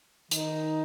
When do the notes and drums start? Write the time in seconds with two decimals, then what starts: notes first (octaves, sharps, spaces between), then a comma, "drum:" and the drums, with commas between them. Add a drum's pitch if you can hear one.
0.31 D#3 D#4, drum: hi-hat